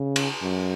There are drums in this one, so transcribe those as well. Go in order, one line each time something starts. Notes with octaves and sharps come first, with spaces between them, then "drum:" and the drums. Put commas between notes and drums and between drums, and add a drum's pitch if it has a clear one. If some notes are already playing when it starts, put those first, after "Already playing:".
Already playing: C#3
drum: cymbal
F#2